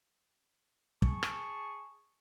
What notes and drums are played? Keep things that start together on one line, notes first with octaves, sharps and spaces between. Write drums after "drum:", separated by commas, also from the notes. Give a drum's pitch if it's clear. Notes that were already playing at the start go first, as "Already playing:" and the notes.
G#4 A5 C#6, drum: kick
drum: rim click